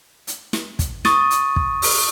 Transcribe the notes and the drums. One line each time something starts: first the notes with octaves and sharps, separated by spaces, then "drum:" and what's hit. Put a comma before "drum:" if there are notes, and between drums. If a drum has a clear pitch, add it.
drum: hi-hat
drum: snare
drum: kick, hi-hat
C#6 D#6 A6 D#7, drum: snare
drum: hi-hat
drum: kick
drum: open hi-hat